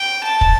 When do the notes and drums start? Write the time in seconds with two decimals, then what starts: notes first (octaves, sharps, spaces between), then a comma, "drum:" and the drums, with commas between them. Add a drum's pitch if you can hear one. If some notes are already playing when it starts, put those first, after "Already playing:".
Already playing: G5
0.23 A5
0.41 drum: kick